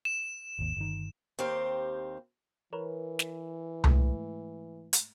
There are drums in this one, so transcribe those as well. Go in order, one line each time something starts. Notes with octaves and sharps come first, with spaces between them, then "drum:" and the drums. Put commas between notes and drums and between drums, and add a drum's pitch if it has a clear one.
E7
G#1 D#2
G1 D#3
D#2 C4 G4 C5 F5
E3 A#4 B4 C#5
drum: snare
G#2 G#3 A3, drum: tom C2
drum: hi-hat